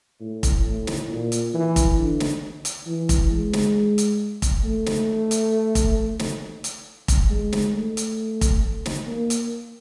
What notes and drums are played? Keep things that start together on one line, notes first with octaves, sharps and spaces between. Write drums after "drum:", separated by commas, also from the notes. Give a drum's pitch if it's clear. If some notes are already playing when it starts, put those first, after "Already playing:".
A2
drum: kick F1, hi-hat
A2
drum: snare
A#2
drum: hi-hat
E3
drum: kick F1, hi-hat
D3
drum: snare
drum: hi-hat
E3
drum: kick F1, hi-hat
G#3
drum: snare
drum: hi-hat
drum: kick F1, hi-hat
A3
drum: snare
drum: hi-hat
drum: kick F1, hi-hat
drum: snare
drum: hi-hat
drum: kick F1, hi-hat
G#3
drum: snare
A3
drum: hi-hat
drum: kick F1, hi-hat
drum: snare
A#3
drum: hi-hat